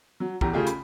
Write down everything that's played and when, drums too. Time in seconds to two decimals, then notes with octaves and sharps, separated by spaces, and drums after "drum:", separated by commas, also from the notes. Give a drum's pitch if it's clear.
0.20 F#3
0.41 E2 E3 G4 A#5, drum: kick
0.53 C#3 A3 F4 G4 G#4
0.67 B5, drum: hi-hat